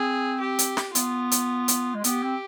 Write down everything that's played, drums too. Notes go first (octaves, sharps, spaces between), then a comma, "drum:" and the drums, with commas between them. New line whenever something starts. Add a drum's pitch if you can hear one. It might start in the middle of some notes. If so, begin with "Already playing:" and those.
Already playing: C4 G#4
G4
drum: hi-hat
drum: snare
B3 F4, drum: hi-hat
drum: hi-hat
drum: hi-hat
G#3
B3 G4, drum: hi-hat
C4